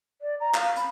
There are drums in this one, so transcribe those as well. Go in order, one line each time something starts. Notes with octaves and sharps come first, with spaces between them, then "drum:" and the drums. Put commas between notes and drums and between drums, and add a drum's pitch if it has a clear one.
D5
A#5
F5, drum: clap
B5, drum: hi-hat